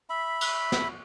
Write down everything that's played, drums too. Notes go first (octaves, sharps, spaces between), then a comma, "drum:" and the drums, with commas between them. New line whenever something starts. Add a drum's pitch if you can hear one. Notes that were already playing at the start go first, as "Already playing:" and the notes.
E5 B5
drum: cymbal
drum: snare